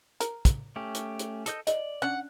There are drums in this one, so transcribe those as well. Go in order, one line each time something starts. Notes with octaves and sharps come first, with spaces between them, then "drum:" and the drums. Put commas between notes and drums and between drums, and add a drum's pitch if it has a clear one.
A#4, drum: hi-hat
drum: kick, hi-hat
A3 C#4 G4
drum: hi-hat
drum: hi-hat
A4 D#5 G6, drum: hi-hat
D5 D#5, drum: hi-hat
C#4 D4 F#5